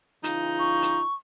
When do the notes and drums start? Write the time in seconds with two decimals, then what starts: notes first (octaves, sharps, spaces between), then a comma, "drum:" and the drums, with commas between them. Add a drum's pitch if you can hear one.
0.24 C#3 E3 D#4 F4, drum: hi-hat
0.59 C#6
0.82 drum: hi-hat